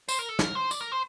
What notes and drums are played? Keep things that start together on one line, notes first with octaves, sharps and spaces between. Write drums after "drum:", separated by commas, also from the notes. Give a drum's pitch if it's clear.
C5, drum: tambourine
A#4
A4
A#4, drum: snare
C5
D5, drum: tambourine
A#4
C5